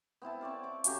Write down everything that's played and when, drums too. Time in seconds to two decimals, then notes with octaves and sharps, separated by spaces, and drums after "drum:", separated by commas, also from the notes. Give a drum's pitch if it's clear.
0.22 B3 C4 E4 A5
0.41 C4 C#5 D5 F5
0.63 C#6 D6
0.84 C#3 F#3 G4 A4, drum: hi-hat